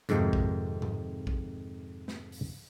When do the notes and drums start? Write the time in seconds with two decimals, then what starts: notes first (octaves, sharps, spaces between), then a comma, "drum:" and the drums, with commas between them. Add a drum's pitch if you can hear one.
0.09 F2 G#2 C3 D#3 F3, drum: hi-hat
0.33 drum: kick
0.82 drum: tom G#2
1.27 drum: kick
2.08 drum: snare
2.32 drum: open hi-hat